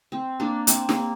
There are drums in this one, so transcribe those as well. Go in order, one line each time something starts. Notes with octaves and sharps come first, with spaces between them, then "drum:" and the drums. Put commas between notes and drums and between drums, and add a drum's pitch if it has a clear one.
C4
A#3 D4
C4, drum: hi-hat
A#3, drum: snare